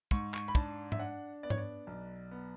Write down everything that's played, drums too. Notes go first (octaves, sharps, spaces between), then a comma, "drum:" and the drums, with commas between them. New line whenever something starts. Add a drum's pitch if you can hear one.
G#2 C#6, drum: kick
C#6, drum: clap
B5
D4 A5, drum: kick
E5, drum: tom G#2
D4 F#5
B3 D5
C#5, drum: tom G#2
D5
B1
B3